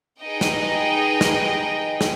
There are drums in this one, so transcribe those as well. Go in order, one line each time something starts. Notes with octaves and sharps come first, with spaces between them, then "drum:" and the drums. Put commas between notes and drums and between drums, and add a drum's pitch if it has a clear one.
D#4 G#4 B4 D#5 G5
drum: snare
drum: snare
drum: snare